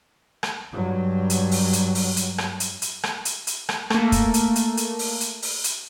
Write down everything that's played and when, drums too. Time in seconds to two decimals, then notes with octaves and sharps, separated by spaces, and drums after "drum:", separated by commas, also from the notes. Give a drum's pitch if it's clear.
0.43 drum: rim click
0.72 G2 F#3
1.30 drum: hi-hat
1.51 drum: open hi-hat
1.73 drum: hi-hat
1.95 drum: open hi-hat
2.17 drum: hi-hat
2.38 drum: rim click
2.60 drum: hi-hat
2.82 drum: hi-hat
3.03 drum: rim click
3.25 drum: hi-hat
3.47 drum: hi-hat
3.69 drum: rim click
3.90 A3 A#3, drum: rim click
4.12 drum: kick, hi-hat
4.34 drum: hi-hat
4.55 drum: hi-hat
4.77 drum: hi-hat
4.99 drum: open hi-hat
5.21 drum: hi-hat
5.42 drum: open hi-hat
5.64 drum: hi-hat